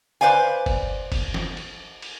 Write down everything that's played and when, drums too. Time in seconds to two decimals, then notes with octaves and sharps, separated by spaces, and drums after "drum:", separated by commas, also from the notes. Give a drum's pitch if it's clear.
0.21 B4 C5 D5 F5 G#5
0.66 drum: kick, cymbal
1.12 drum: kick, cymbal
1.34 drum: snare
1.57 drum: cymbal
2.02 drum: cymbal